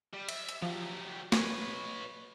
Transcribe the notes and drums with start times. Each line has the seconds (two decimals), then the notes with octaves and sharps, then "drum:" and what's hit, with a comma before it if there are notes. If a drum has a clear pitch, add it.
0.14 G3
0.29 E5, drum: cymbal
0.49 drum: hi-hat
0.62 F3 F#3 G4
1.32 B4 C#5, drum: snare